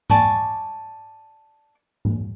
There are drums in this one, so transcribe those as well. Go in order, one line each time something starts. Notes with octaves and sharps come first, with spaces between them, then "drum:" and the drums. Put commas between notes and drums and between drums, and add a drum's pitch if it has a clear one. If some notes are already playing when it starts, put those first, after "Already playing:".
D5 G#5 A5 C#6, drum: tom G#2
drum: tom G#2